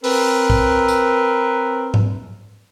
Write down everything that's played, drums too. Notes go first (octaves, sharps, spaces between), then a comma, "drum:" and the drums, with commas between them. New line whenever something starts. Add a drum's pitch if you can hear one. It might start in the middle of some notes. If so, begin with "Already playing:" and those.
C4 A#4 B4, drum: open hi-hat
drum: kick B1
drum: tambourine
drum: tom G#2